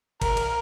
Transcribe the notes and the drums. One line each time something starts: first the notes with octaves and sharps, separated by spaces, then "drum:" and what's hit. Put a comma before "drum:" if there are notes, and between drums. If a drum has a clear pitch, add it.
A#4, drum: kick G#1, cymbal
drum: cymbal